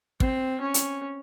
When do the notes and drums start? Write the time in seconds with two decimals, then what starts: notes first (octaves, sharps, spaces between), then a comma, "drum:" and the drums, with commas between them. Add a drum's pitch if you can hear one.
0.20 C4, drum: kick
0.61 C#4
0.74 drum: hi-hat